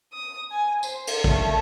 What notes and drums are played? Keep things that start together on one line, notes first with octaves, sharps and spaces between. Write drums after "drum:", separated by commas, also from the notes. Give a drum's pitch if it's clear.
D#6
G#5
C5, drum: tambourine
drum: cymbal
A3, drum: kick